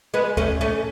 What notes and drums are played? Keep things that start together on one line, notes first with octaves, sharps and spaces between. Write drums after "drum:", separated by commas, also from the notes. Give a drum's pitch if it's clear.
G#3 B3
A3 C#4, drum: kick
A3 C#4